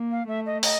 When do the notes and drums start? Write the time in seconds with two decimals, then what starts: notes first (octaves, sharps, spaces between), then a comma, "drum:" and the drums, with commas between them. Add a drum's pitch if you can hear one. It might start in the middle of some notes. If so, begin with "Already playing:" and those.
Already playing: A#3
0.11 F5
0.28 A3 E5
0.46 D#5
0.63 D#5, drum: open hi-hat